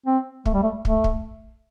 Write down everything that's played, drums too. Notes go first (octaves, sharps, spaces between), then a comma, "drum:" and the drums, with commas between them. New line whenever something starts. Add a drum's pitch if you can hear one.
C4
A3, drum: kick
G3
A3
A3, drum: kick
drum: kick